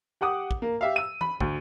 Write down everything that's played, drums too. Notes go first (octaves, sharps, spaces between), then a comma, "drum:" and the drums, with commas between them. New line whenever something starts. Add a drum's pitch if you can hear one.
G4 F#5 D6 D#6
drum: kick
A#3
G4 E5 F5
E6 D#7
B5, drum: tom E3
D2, drum: kick